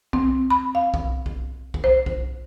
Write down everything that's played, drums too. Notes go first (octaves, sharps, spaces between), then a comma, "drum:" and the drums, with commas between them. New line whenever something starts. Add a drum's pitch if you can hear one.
C4, drum: kick B1
B5
F5
drum: kick B1
drum: kick B1
drum: kick B1
C5
drum: kick B1